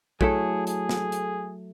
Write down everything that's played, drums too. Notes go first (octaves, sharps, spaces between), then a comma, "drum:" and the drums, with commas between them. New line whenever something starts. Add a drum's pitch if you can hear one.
F#3 A3 E4 G#4 A4, drum: kick A#1
G#4, drum: hi-hat
drum: snare
drum: hi-hat